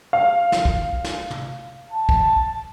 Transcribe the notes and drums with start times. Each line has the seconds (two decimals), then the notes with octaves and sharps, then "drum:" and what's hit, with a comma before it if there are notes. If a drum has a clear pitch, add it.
0.13 F5
0.52 drum: snare
0.65 drum: kick
1.04 drum: snare
1.31 drum: tom
1.92 A5
2.09 drum: kick